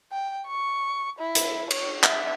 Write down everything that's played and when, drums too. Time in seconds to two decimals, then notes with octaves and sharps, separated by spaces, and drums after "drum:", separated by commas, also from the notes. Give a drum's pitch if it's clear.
0.12 G5
0.47 C#6
1.19 E4
1.35 drum: hi-hat
1.71 C#5, drum: cymbal
2.03 E5, drum: clap